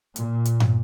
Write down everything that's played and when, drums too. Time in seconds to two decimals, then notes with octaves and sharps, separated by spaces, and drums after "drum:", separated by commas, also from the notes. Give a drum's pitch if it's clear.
0.16 A#2, drum: hi-hat
0.45 drum: hi-hat
0.60 drum: tom G2